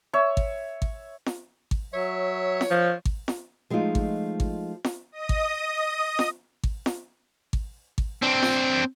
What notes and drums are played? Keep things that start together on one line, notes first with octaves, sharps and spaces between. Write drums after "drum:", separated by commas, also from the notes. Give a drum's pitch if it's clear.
C#5 E5
drum: kick G#1
drum: kick G#1
drum: snare F4
drum: kick G#1
F#3 C#5 E5
drum: snare F4
F3
drum: kick G#1
drum: snare F4
F3 G#3 A3 D#4 F4
drum: kick G#1
drum: kick G#1
drum: snare F4
D#5 D#6
drum: kick G#1
drum: snare F4
drum: kick G#1
drum: snare F4
drum: kick G#1
drum: kick G#1
C4 D4
drum: snare F4